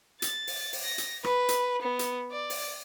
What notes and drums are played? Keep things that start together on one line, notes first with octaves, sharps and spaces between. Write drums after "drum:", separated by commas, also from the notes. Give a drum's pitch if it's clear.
A6, drum: hi-hat
drum: open hi-hat
drum: open hi-hat
A#6
drum: hi-hat
B4, drum: rim click
drum: hi-hat
B3
drum: hi-hat
D5
drum: open hi-hat